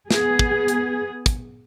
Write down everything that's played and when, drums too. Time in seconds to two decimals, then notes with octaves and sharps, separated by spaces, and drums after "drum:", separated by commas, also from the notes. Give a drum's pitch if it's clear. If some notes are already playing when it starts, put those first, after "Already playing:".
0.11 B3 G#4, drum: snare
0.39 drum: kick
0.68 drum: hi-hat
1.26 drum: kick, hi-hat